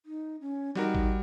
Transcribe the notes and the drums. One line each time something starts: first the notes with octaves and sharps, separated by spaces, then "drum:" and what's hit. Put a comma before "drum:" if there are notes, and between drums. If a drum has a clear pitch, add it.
D#4
C#4
G3 D#4 F#4 A#4, drum: snare
drum: kick A1